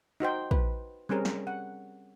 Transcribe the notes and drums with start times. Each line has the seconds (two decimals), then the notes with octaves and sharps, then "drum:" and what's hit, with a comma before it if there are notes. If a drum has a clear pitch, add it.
0.20 D#4 F#4 C5 G5
0.51 B4, drum: kick
1.09 G3 C4 C#4 G#4 A#4
1.25 drum: snare
1.47 F#5